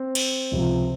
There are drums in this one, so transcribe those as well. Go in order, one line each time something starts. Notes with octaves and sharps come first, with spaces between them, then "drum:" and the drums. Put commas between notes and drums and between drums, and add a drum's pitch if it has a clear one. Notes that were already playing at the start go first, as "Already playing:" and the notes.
Already playing: C4
drum: cymbal
C#2 C3 F3